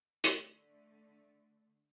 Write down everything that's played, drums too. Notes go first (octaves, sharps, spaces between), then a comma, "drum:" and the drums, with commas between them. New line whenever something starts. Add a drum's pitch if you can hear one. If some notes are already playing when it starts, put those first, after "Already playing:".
D3 A3, drum: hi-hat